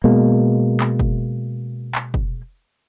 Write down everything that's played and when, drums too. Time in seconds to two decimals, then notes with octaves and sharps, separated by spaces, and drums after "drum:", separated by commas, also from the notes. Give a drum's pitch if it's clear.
0.04 B2 G#3 A#3
0.80 drum: clap
0.99 drum: kick
1.95 drum: clap
2.14 drum: kick